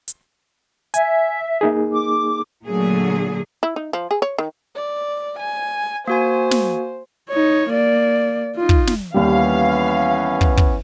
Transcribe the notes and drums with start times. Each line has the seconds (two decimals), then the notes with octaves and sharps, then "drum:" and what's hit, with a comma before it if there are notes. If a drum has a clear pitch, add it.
0.08 drum: hi-hat
0.94 E5 G#5, drum: hi-hat
1.61 A#3 D#4 G#4
1.92 D6
2.66 A#2 D3 F#3 A3 G#4
3.63 E4
3.76 D#4
3.93 F3
4.11 G#4
4.22 C#5
4.38 D#3
4.76 D5
5.39 G#5
6.08 A#3 F#4 C5 G#5
6.51 drum: snare
7.29 D#4 C#5
7.69 A#3 D5
8.56 D#4 F4
8.69 drum: kick
8.87 drum: snare
9.14 D#2 E3 G3 B3 C#4 F5
10.41 drum: kick
10.57 drum: kick